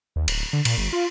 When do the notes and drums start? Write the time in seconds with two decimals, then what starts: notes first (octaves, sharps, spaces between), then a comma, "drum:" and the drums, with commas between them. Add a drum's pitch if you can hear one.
0.16 D#2
0.28 D1, drum: cymbal
0.53 D3
0.65 A#2, drum: cymbal
0.78 G1
0.93 F4